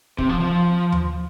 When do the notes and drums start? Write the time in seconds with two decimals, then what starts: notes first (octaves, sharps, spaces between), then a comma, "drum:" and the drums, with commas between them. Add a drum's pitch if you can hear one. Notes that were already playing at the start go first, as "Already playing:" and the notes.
0.18 C3, drum: kick
0.29 F3
0.40 F3
0.92 drum: tom D#2